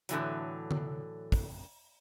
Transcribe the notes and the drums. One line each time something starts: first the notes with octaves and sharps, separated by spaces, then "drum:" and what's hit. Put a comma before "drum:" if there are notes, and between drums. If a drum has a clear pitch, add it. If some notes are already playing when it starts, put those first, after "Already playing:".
A2 D3 E3 F#3, drum: hi-hat
drum: tom D3
drum: kick, open hi-hat